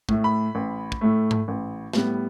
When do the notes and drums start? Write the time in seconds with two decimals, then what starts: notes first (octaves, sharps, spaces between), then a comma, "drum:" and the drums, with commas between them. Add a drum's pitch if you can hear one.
0.09 A2 A3, drum: kick
0.24 B5
0.55 A1
0.92 drum: kick
1.01 A2 A3
1.31 drum: tom G#2
1.48 A1
1.93 A2 G3 B3, drum: snare